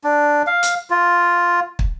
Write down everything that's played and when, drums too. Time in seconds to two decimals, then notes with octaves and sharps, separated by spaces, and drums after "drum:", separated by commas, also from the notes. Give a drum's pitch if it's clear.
0.04 D4
0.47 F5
0.63 drum: hi-hat
0.90 F4
1.79 drum: kick